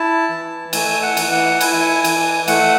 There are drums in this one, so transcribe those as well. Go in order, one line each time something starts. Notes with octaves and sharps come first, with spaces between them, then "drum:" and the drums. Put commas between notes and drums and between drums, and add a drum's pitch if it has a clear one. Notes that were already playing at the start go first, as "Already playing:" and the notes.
Already playing: E4 A5
E3
A3 G#5, drum: cymbal
F#5
E3, drum: cymbal
F#5
E4 G#5, drum: cymbal
E3, drum: cymbal
A3 F#5, drum: cymbal